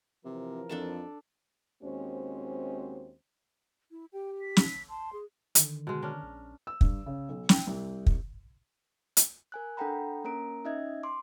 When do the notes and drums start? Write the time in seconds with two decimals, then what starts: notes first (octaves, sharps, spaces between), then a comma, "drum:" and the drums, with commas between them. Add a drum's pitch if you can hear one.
0.25 C3 E3 F3 A#4
0.69 F2 D4 A4 A5
1.83 D#2 G#3 C4 C#4 F#4 C5
3.91 E4
4.13 G4 G5
4.41 B6
4.57 drum: snare
4.89 A5 C6
5.13 G#4
5.55 D3 D#3, drum: hi-hat
5.87 B2 G#3
6.02 C#4 D4 A#4
6.23 A#1
6.67 E6
6.81 G2, drum: kick
7.06 C#3
7.29 B1
7.49 G5, drum: snare
7.67 C2
8.06 drum: kick
9.17 drum: hi-hat
9.52 A#4 G#5 F#6
9.77 D4 A4 F#5 G5 A#5 B5
10.24 A#3 C#4 A#4 A#5 D7
10.65 C#4 D#4 D#5 E5 G#6
11.03 C6 D6